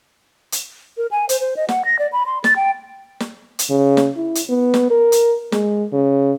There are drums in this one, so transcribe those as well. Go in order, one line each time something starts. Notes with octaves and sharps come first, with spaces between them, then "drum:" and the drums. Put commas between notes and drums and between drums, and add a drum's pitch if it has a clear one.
drum: hi-hat
A#4
G#5
C5, drum: hi-hat
C5
D#5
F#5, drum: snare
A#6
D5
B5
C6
A6, drum: snare
G5
drum: snare
drum: hi-hat
C#3
drum: snare
E4
drum: hi-hat
B3
drum: snare
A#4
drum: hi-hat
G#3, drum: snare
C#3